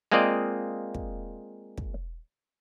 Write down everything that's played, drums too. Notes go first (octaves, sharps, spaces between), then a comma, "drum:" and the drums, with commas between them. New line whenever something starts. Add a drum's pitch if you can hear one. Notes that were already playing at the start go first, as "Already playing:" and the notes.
G#3 A#3 C4 F4 D5 D#5
drum: kick
drum: kick